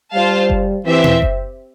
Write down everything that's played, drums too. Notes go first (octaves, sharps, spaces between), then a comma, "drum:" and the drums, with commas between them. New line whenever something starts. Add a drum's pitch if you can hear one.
G3 F4 C5 F5 A5
drum: kick F#1
E3 C4 G4 C5 E5
drum: tom A#2
drum: kick F#1